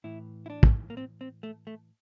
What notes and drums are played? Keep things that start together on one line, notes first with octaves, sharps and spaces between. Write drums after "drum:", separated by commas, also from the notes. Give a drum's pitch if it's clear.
A2 E3 E4
E4
D4
drum: kick
A#3
C4
C4
A3
A3